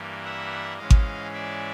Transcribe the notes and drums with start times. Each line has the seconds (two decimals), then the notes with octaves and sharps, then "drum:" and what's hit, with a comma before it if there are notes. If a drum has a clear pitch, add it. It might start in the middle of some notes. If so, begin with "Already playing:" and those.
Already playing: G2 E3 G3 A#3
0.24 E5 F#5
0.78 G#2 E3 G#3 C#4 D#5 F5
0.90 drum: kick G#1
1.33 D5 E5